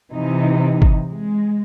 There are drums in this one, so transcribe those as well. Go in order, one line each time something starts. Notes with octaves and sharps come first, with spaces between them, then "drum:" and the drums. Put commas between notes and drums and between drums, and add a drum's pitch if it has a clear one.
C3 E3 D#4
drum: kick G1
G#3